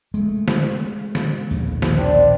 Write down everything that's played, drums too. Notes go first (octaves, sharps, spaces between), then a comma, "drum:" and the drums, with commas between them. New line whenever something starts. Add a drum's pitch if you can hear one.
G#3 A3
drum: snare
drum: snare
A#1 D#2 A2
drum: snare
C4 D4 D5